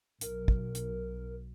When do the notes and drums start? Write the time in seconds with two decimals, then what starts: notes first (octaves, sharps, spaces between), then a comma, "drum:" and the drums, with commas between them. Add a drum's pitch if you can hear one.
0.21 B1 A#4, drum: hi-hat
0.48 drum: kick
0.75 drum: hi-hat